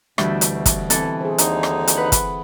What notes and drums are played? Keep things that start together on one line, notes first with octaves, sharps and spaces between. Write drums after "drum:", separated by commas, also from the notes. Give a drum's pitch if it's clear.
D2 B2 D3 E3 G3 E5 G6, drum: rim click
drum: hi-hat
drum: kick, hi-hat
E3 C4 A4, drum: hi-hat
G#4 C5
D#2 D3 D#4, drum: hi-hat
drum: rim click
drum: hi-hat
B4 F#5
drum: kick, hi-hat